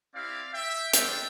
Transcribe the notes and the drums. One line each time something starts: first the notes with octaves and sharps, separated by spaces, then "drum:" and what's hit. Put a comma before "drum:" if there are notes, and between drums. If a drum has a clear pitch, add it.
C4 E4 G4 D5 F5
E5 G5
G3 D4 F4 E5 G5, drum: hi-hat